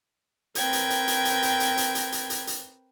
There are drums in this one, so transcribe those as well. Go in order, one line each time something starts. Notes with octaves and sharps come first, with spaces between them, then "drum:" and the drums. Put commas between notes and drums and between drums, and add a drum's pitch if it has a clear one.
C4 A#4 B4 G5 G#6, drum: hi-hat
drum: hi-hat
drum: hi-hat
drum: hi-hat
drum: hi-hat
drum: hi-hat
drum: hi-hat
drum: hi-hat
drum: hi-hat
drum: hi-hat
drum: hi-hat
drum: hi-hat